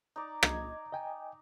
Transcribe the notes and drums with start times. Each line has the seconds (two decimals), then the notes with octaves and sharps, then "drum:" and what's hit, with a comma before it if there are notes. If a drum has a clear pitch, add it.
0.16 D#4 D5
0.43 D#5 G#6, drum: rim click
0.92 D#5 G5 G#5